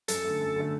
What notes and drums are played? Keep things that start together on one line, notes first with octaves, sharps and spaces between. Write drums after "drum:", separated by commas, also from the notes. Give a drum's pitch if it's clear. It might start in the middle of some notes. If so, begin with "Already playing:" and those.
F#2 A4, drum: hi-hat
D3 A3
F#2
D3 A3